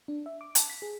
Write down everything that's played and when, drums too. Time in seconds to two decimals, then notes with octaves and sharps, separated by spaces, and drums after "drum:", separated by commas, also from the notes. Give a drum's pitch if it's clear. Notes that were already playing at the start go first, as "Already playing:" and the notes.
0.08 D4
0.26 E5
0.41 D6
0.55 A5, drum: hi-hat
0.70 B6
0.82 G#4